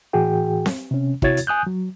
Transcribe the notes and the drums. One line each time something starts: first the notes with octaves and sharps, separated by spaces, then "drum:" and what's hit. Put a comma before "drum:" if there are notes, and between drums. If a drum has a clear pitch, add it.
A2 E3 F#4 G#4 G5
drum: snare C4
C3 C#4
C3 E4 F#4 C#5 G#6 A6, drum: kick
drum: hi-hat
G#5 D#6 F#6 G6
F#3